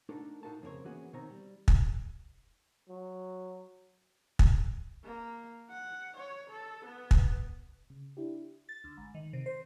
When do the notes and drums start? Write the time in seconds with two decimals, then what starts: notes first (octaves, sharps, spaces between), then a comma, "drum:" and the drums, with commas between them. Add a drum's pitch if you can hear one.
0.09 A3 D4 D#4 F#4 A4 A#4
0.43 A2 D#4 F#4 A#4 F5 A5
0.62 F2 C#3 C4 D4 A#4 C#5
0.84 E3 A#3 B3 C#4 F#4 G#4
1.13 B2 D#3 C4 C#5 G#5 A#5
1.30 G3
1.68 drum: kick
2.89 F#3
4.39 drum: kick
5.04 A#3
5.69 F#5
6.17 C#5
6.50 A4
6.85 B3
7.11 drum: kick
7.90 C#3
8.17 D4 E4 G4
8.69 A6
8.84 D2
8.97 G#1
9.14 D#3
9.33 C3
9.46 C5